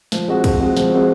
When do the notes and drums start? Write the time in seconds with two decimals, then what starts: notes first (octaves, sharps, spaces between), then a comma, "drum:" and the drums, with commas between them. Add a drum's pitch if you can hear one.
0.12 F3, drum: snare
0.28 G#3 C4 F#4
0.44 F3, drum: kick, cymbal
0.60 G#3 C4 F#4
0.77 F3, drum: snare
0.93 G#3 C4 F#4